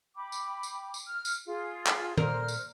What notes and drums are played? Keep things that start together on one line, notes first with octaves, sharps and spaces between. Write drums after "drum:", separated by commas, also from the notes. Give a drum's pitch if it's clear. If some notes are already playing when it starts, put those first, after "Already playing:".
G5 B5 D6
drum: tambourine
drum: tambourine
drum: tambourine
F6
drum: tambourine
F4 G#4
drum: clap
A#2 A#4 C5 F6, drum: tom
drum: tambourine